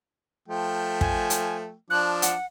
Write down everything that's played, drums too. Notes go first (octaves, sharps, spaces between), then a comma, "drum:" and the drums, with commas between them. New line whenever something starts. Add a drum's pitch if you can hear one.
F3 A3 G5
G#5, drum: kick
drum: hi-hat
F3 D4 F#6
F#5, drum: hi-hat